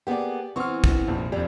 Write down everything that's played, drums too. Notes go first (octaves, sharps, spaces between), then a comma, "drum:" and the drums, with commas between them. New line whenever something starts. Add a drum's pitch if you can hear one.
A#3 B3 G4 G#4 D5
E3 B3 C4 C#6 F6
drum: kick
F1 A#1
F1 F2 G4 D5